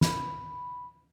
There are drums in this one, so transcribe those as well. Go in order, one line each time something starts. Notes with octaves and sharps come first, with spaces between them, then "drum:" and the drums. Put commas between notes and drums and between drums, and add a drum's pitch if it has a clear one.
B5, drum: snare